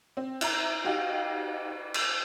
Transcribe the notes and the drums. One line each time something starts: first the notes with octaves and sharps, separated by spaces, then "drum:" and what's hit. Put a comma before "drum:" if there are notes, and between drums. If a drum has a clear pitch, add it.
C4
E4 A#5, drum: cymbal
D#4 F#4 G4 F5 G5
drum: cymbal